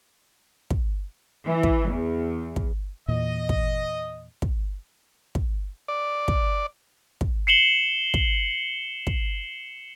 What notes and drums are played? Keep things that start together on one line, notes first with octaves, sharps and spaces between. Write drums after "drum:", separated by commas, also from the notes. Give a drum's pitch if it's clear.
drum: kick
E3
drum: kick
E2
drum: kick
E2 A#2 E3 D#5
drum: kick
drum: kick
drum: kick
D5
drum: kick
drum: kick
C7 C#7 E7 F#7 G7
drum: kick
drum: kick